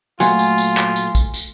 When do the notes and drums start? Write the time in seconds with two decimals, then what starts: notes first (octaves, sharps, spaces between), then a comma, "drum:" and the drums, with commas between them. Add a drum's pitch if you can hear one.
0.20 A#2 F#3 A3 F4 G#5 C6, drum: tambourine
0.39 drum: tambourine
0.58 drum: tambourine
0.77 drum: clap
0.96 drum: tambourine
1.15 drum: kick, tambourine
1.34 drum: tambourine